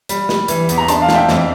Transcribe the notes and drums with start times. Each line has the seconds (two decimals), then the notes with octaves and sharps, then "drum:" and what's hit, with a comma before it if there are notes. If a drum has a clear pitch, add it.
0.09 G3, drum: hi-hat
0.29 G3, drum: snare
0.48 E3, drum: hi-hat
0.69 E2, drum: hi-hat
0.78 A#5
0.88 D4 A5 C6, drum: hi-hat
1.02 F5 A5
1.09 D4, drum: snare
1.15 E5 G5
1.29 F2, drum: snare